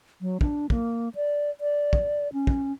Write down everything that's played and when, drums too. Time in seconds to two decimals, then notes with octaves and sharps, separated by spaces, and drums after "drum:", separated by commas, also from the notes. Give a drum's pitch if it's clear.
0.21 F#3
0.41 D4, drum: kick
0.70 A#3, drum: kick
1.15 D5
1.61 D5
1.93 drum: kick
2.33 C#4
2.47 drum: kick